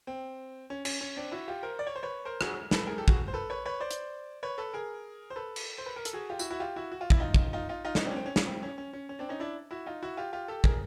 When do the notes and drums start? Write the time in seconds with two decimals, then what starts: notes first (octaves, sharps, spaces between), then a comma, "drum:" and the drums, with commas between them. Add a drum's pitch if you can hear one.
0.07 C4
0.70 C#4
0.85 C#4, drum: cymbal
1.01 C#4
1.17 C4 D4
1.32 E4 F#4
1.48 F4 G4
1.63 A#4 C5
1.79 D5
1.87 C#5
1.96 C5
2.03 B4 C#5
2.25 A#4 C5
2.41 F#4 G#4, drum: rim click
2.71 A4 B4, drum: snare
2.87 G#4 A#4
2.98 G4 A4
3.08 F#4 G#4, drum: kick
3.28 C5
3.34 A4 B4
3.50 B4 C#5
3.65 B4 C#5
3.80 C5 D5
3.91 drum: hi-hat
4.43 B4 C#5
4.58 A4 B4
4.73 G#4 A#4
5.30 C5
5.36 A4 B4
5.56 drum: cymbal
5.78 C5
5.86 B4
5.96 A#4
6.05 A4, drum: hi-hat
6.13 F#4 G#4
6.30 F4 G4
6.39 E4 F#4, drum: tambourine
6.51 E4 F#4
6.60 F4 G4
6.76 E4 F#4
6.92 F#4
7.01 F4
7.10 E4, drum: kick
7.20 D#4 F4
7.34 drum: kick
7.53 D#4 F4
7.69 D#4 F4
7.85 D#4 F4
7.95 C#4 D#4, drum: snare
8.05 C4 D4
8.11 C#4
8.16 C4
8.26 C#4
8.36 C#4, drum: snare
8.47 C4
8.63 C#4
8.78 C#4
8.93 C#4
9.09 C#4
9.19 C4 D4
9.29 C#4 D#4
9.40 D4 E4
9.71 E4 F#4
9.86 D#4 F4
10.03 E4 F#4
10.17 F4 G4
10.33 F4 G4
10.48 G4 A4
10.64 G#4 A#4, drum: kick